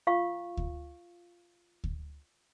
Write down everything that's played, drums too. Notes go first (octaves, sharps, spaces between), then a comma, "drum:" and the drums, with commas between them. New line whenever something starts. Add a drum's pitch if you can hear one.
F4 F5 C#6
drum: kick D2
drum: kick D2